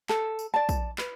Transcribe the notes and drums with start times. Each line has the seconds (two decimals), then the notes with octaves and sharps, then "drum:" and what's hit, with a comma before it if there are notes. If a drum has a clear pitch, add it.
0.09 A4, drum: clap
0.39 drum: tambourine
0.54 D5 A5
0.69 drum: kick, tambourine
0.98 B4, drum: clap